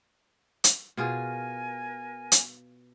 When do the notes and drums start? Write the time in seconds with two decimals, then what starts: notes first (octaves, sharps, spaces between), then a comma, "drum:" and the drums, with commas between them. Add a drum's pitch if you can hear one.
0.64 drum: hi-hat
0.97 B2 F4 G#4 A#4 G#5
2.32 drum: hi-hat